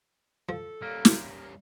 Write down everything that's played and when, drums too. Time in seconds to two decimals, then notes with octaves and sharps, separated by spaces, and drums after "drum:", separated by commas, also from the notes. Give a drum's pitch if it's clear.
0.49 F3 A4
0.82 G3 A#3 C#4
1.05 drum: snare